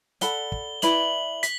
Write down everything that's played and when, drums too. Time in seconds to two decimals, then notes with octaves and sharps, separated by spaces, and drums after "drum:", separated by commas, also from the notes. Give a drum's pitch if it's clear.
0.21 A4 D5 F#5 B5 G7, drum: hi-hat
0.52 drum: kick
0.82 E4 B4 D5 F#7, drum: hi-hat
1.43 B6, drum: hi-hat